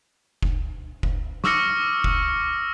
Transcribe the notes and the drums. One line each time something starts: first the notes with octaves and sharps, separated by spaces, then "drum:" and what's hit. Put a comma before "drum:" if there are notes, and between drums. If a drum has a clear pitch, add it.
drum: kick F1
drum: kick F1
C#6 D6 E6 F6 A#6 C#7, drum: snare
drum: kick F1